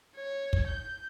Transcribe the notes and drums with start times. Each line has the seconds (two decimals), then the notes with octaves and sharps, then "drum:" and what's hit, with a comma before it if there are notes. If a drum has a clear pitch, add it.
0.16 C#5
0.53 drum: kick
0.67 G6